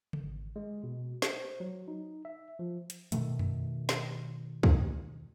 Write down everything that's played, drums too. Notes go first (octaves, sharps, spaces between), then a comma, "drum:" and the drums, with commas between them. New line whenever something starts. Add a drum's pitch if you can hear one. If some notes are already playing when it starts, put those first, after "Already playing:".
drum: tom C#3
G#1
G#3
B2
C5, drum: snare
F#3
D#4
E5
F3
drum: hi-hat
B2 D#3 A3, drum: hi-hat
drum: tom F2
drum: snare
drum: kick